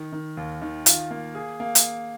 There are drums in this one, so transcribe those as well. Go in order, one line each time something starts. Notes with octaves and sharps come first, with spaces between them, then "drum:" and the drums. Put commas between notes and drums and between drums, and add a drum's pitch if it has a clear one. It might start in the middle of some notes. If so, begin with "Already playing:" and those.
Already playing: D#3
D#3
D#2
D#3
F4, drum: hi-hat
A#3
G#4
A#3
drum: hi-hat